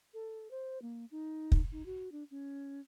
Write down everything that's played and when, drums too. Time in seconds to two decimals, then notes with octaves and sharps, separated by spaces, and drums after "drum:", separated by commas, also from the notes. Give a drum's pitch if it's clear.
0.14 A4
0.51 C5
0.82 A#3
1.11 D#4
1.52 drum: kick
1.72 D#4
1.86 F#4
2.12 D4
2.31 C#4